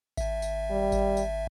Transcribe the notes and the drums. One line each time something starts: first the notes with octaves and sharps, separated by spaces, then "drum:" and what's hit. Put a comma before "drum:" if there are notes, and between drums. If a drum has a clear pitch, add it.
G#1 E5, drum: kick G#1, tambourine
drum: tambourine
G3
drum: kick G#1, tambourine
drum: tambourine